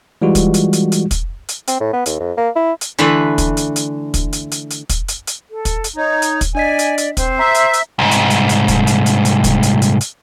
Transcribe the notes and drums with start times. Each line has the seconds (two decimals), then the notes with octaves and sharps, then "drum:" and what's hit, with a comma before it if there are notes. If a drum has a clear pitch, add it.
0.22 E3 G3 G#3 F4 F#4
0.35 drum: kick, hi-hat
0.54 drum: hi-hat
0.73 drum: hi-hat
0.92 drum: hi-hat
1.11 drum: kick, hi-hat
1.49 drum: hi-hat
1.68 C4, drum: hi-hat
1.80 A2
1.93 B3
2.06 D#2, drum: hi-hat
2.20 F2
2.37 A#3
2.56 E4
2.81 drum: hi-hat
2.99 D3 E3 A3 B4
3.38 drum: kick, hi-hat
3.57 drum: hi-hat
3.76 drum: hi-hat
4.14 drum: kick, hi-hat
4.33 drum: hi-hat
4.52 drum: hi-hat
4.71 drum: hi-hat
4.90 drum: kick, hi-hat
5.08 drum: hi-hat
5.27 drum: hi-hat
5.50 A4
5.65 drum: kick, hi-hat
5.84 drum: hi-hat
5.96 D#4 C#5
6.22 drum: hi-hat
6.41 drum: kick, hi-hat
6.55 D4 D5 D#5 G#5 B6
6.79 drum: hi-hat
6.98 drum: hi-hat
7.17 C4 C5, drum: kick, hi-hat
7.39 E5 A#5
7.55 drum: hi-hat
7.74 drum: hi-hat
7.99 C2 G#2
8.11 drum: hi-hat
8.30 drum: hi-hat
8.49 drum: hi-hat
8.68 drum: kick, hi-hat
8.87 drum: hi-hat
9.06 drum: hi-hat
9.25 drum: hi-hat
9.44 drum: kick, hi-hat
9.63 drum: hi-hat
9.82 drum: hi-hat
10.01 drum: hi-hat